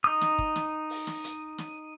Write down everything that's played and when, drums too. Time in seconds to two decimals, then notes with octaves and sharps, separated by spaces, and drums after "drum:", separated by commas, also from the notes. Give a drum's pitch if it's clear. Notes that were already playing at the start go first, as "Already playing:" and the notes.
0.04 D#4 D#6
0.21 drum: snare
0.39 drum: kick
0.56 drum: snare
0.90 drum: open hi-hat
1.07 drum: snare
1.24 drum: hi-hat
1.58 drum: snare